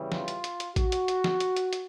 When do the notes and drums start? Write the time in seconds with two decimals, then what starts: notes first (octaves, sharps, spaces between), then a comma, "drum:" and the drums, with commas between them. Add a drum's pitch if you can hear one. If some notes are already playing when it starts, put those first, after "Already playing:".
Already playing: E2 C#3 E3 G3
0.12 F4, drum: snare
0.28 drum: hi-hat
0.44 drum: hi-hat
0.60 drum: hi-hat
0.76 F#4, drum: kick A1, hi-hat
0.92 drum: hi-hat
1.08 drum: hi-hat
1.24 drum: snare
1.40 drum: hi-hat
1.57 drum: hi-hat
1.73 drum: hi-hat